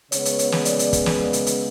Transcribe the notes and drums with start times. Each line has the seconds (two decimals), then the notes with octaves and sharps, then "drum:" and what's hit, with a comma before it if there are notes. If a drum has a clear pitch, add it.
0.12 C#3 G#3 B3 C#5, drum: hi-hat
0.25 drum: hi-hat
0.39 drum: hi-hat
0.52 drum: snare
0.65 D5, drum: hi-hat
0.79 drum: hi-hat
0.93 drum: kick, hi-hat
1.06 drum: snare
1.33 drum: hi-hat
1.47 drum: hi-hat